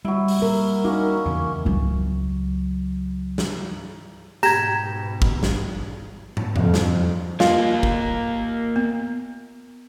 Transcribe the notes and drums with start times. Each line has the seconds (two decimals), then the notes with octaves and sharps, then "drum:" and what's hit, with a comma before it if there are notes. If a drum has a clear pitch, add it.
0.05 F#3 G3 E4
0.28 drum: open hi-hat
0.39 A#3 A#4
0.84 A#3 C#4 D#4 F#4
1.26 E2 C#3
1.65 C#2 F#3
3.38 drum: snare
4.43 G#2 B2 G4 A#5 G#6 E7, drum: tambourine
5.22 drum: kick
5.43 drum: snare
6.37 drum: tom
6.56 F2, drum: tom E2
6.74 drum: snare
7.40 A#3 F4 A#4 D#5, drum: snare
7.83 drum: kick
8.76 B3